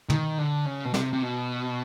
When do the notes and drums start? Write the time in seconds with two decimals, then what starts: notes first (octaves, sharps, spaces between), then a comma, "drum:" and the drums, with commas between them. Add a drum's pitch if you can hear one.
0.10 D#3, drum: tom
0.39 D3
0.66 C#3
0.85 B2
0.94 C3, drum: snare
1.13 C3
1.23 B2